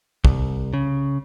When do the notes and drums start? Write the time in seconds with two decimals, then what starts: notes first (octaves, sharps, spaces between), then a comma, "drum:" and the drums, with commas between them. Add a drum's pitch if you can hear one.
0.25 C2, drum: kick
0.73 C#3